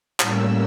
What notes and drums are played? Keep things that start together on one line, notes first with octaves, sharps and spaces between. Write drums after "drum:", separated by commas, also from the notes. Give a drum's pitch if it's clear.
A2 G3 A#3 C#4 E6, drum: clap